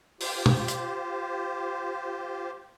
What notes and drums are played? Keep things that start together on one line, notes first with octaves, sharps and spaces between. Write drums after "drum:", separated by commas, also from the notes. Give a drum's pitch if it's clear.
F4 G4 C5, drum: open hi-hat
drum: tom
drum: hi-hat